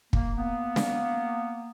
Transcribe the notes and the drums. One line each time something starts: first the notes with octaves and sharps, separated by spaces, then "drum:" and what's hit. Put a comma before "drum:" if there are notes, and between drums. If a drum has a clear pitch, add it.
A#3, drum: kick
A#3 B3
drum: snare